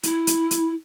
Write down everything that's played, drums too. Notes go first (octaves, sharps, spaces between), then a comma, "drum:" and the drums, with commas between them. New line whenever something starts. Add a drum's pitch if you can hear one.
E4, drum: hi-hat
drum: hi-hat
drum: hi-hat